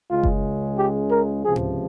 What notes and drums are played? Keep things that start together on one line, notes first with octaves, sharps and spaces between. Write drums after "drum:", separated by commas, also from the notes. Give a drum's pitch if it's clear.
C#2 C#3 G#3 F4
drum: kick F#1
G4
A#4
C#2 C3 F3 G#4
drum: tom G#2